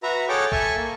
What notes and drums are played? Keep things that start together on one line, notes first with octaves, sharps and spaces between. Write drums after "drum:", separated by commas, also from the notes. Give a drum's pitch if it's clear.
F#4 B4 E5 A#5
G#4 A4 C#5 F#5 G5 D6
A4 E5 G#5 A5 C#6, drum: kick G#1
A#3